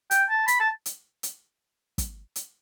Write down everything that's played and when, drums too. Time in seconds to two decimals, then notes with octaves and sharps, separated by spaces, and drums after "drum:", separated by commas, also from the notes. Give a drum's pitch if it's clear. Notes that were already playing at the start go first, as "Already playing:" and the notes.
0.11 G5, drum: hi-hat
0.30 A5
0.48 B5, drum: hi-hat
0.60 A5
0.86 drum: hi-hat
1.23 drum: hi-hat
1.98 drum: kick, hi-hat
2.36 drum: hi-hat